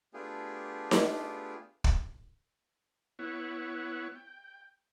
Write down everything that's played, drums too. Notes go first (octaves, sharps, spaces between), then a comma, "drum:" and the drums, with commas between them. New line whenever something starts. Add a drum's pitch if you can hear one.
A3 B3 D4 F4 G4 G#4
drum: snare D#4
drum: kick
B3 E4 C#5 F#5
G5